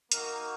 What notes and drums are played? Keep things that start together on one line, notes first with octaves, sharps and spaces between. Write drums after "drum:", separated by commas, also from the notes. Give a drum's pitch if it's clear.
A#3 D#4 F#4 A#4, drum: hi-hat